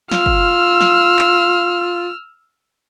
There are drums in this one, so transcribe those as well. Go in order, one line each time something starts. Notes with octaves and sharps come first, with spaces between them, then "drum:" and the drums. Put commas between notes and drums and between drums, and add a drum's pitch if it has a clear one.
F4 E6 F6, drum: snare
drum: kick
drum: snare
drum: clap